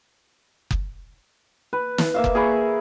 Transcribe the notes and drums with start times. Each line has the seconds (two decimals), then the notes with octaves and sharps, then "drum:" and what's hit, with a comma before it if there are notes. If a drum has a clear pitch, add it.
0.71 drum: kick F#1
1.73 B4
1.98 drum: snare
2.14 A#3 E5 F5
2.24 drum: kick F#1
2.35 G#4 A#4 B5 C#6